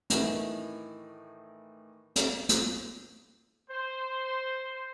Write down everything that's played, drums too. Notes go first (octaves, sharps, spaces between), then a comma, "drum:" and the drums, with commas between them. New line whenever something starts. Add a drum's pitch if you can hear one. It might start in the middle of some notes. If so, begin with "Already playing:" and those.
A2 D#3 E3, drum: hi-hat
drum: hi-hat
drum: hi-hat
C5